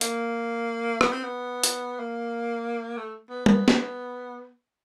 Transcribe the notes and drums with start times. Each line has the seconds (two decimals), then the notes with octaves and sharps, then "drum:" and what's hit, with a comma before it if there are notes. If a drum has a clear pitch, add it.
0.01 A#3, drum: hi-hat
1.01 B3, drum: rim click
1.12 C4
1.24 B3
1.63 drum: hi-hat
1.99 A#3
2.97 A3
3.30 B3
3.46 B3, drum: tom G3
3.68 drum: snare